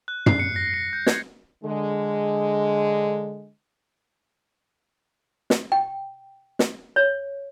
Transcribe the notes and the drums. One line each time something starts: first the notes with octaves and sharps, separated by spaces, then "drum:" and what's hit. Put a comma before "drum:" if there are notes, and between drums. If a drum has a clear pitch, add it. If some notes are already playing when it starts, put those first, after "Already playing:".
F#6
C7, drum: tom
C#7
A#6
C7
G6
G#6, drum: snare
D3 G#3
drum: snare
G5
drum: snare
C#5